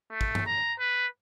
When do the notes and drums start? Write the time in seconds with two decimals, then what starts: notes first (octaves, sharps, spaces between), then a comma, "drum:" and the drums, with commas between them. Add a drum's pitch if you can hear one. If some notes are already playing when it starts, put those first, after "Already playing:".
0.11 A3
0.21 drum: kick
0.35 drum: tom
0.46 A#5
0.79 B4